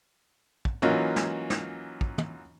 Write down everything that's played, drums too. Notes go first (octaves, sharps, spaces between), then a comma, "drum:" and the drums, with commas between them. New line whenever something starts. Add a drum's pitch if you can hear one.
drum: kick
E3 F#3 A#3 C#4 D#4 F4, drum: tom
drum: snare
drum: snare
drum: kick
drum: tom